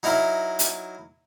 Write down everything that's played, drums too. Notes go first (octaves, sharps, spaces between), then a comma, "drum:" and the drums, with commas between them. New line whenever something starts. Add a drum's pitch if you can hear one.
F#3 D#4 E4 A#4 E5
drum: hi-hat